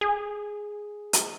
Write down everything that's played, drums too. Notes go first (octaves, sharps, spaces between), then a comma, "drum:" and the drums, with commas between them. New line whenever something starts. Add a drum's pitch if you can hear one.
G#4
drum: hi-hat